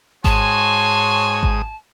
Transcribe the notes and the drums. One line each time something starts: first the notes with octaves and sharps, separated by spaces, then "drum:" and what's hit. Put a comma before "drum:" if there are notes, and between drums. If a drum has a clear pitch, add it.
G#2 F#4 C#5 G#5 A5 C6 D#6, drum: kick G#1
drum: kick G#1